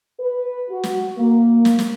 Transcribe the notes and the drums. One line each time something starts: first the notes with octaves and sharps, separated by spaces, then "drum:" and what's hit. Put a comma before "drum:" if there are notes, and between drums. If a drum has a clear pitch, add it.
B4
F#4
drum: snare
A#3
drum: snare
drum: snare